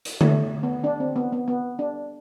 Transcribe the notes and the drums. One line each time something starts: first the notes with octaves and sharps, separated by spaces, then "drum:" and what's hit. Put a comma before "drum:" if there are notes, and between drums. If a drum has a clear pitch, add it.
drum: hi-hat
A3, drum: tom D3
B3
D4
C4
B3
B3
B3
D4